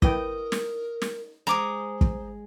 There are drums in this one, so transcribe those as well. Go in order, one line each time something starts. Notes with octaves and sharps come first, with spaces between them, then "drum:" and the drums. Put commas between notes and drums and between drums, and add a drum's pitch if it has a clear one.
E4 A#4 B4 D#5 G5, drum: kick
drum: snare
drum: snare
G#3 C5 A#5 D6 D#6
drum: kick